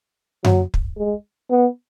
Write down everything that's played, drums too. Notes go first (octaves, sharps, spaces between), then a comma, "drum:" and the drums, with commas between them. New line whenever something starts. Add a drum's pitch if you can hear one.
F#3, drum: tom F#2
drum: kick
G#3
B3